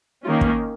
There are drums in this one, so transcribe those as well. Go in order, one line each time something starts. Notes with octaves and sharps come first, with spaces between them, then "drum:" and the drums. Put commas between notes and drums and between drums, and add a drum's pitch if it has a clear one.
D#3 A#3 C#4 F4
drum: kick